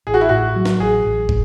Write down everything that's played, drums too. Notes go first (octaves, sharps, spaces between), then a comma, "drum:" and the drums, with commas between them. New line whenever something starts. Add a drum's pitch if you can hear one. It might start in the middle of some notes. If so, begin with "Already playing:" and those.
A1 G#4
F#4
E4
A2 F#4
F#3
drum: snare
A1 G#4
A1
A2, drum: kick